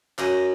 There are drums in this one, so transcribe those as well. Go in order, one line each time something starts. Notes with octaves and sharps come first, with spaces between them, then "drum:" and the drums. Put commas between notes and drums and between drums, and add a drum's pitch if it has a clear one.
F#2 D#5, drum: clap